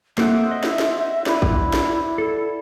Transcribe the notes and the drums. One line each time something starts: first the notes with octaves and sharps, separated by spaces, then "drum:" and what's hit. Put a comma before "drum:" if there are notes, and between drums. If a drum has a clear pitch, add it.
A#3 C4 A4 A#4 E5 F#5 D#6, drum: snare
D#5
drum: snare
drum: snare
E4 B4 D5, drum: snare
drum: kick
drum: snare
A4